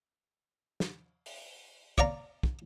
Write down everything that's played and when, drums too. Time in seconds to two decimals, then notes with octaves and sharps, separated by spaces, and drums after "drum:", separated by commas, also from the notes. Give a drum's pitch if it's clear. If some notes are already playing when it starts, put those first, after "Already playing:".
0.80 drum: snare
1.26 drum: open hi-hat
1.98 C#5 D5 F5 A#5, drum: kick
2.43 drum: kick